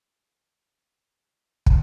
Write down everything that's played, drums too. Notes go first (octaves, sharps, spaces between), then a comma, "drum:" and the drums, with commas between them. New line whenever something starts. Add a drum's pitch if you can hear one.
A4 A#4 G#5 A#5 D6
drum: kick